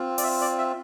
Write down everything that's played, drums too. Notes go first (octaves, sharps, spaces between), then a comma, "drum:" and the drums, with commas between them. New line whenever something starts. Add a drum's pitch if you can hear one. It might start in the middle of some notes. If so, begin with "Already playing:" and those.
Already playing: C4 F4
D5, drum: open hi-hat
E5
D5
E5